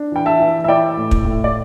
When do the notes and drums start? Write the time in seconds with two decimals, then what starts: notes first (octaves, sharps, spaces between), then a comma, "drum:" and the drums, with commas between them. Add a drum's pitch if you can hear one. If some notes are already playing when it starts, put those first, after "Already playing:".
Already playing: D4
0.12 E3 G5
0.26 E5 A5
0.39 E3
0.64 E5
0.68 E4 D5 G5
0.97 A2
1.11 drum: kick
1.25 A2
1.44 D5